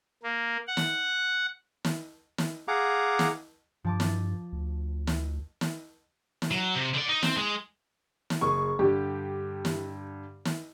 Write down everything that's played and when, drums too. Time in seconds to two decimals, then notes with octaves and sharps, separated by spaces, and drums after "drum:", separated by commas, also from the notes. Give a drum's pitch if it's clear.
0.23 A#3
0.67 F#5
0.77 drum: snare
1.85 drum: snare
2.38 drum: snare
2.68 G#4 F5 F#5 A#5 D6
3.19 drum: snare
3.84 G2 F3 A5 D6
4.00 drum: snare
4.52 D2
5.07 drum: snare
5.61 drum: snare
6.42 drum: snare
6.51 F#3
6.75 C3
6.94 D3 D5
7.09 D#4
7.23 C4, drum: snare
7.37 G#3
8.30 drum: snare
8.41 F#1 G#4 C#6
8.79 G2 D3 G4
9.65 drum: snare
10.45 drum: snare